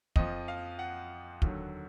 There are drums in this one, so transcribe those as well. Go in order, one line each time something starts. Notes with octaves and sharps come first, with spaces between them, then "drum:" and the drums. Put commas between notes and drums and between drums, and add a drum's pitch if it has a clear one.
F2 F3 D#5, drum: kick
F5
F#5
D#2 D3 F#3, drum: kick